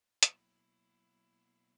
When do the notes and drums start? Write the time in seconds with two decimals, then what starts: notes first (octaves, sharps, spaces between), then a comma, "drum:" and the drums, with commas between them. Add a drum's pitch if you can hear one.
0.23 B2 F#3 A#3 E4, drum: hi-hat